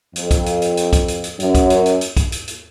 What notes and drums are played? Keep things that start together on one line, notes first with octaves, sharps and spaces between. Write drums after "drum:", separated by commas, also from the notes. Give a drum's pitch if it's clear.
F2, drum: hi-hat
drum: kick, hi-hat
drum: hi-hat
drum: hi-hat
drum: hi-hat
drum: kick, hi-hat
drum: hi-hat
drum: hi-hat
F#2, drum: hi-hat
drum: kick, hi-hat
drum: hi-hat
drum: hi-hat
drum: hi-hat
drum: kick, hi-hat
drum: hi-hat
drum: hi-hat